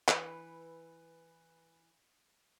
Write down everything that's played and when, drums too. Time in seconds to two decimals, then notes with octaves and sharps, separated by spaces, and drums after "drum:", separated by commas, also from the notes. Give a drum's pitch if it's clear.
0.08 E3 B4, drum: clap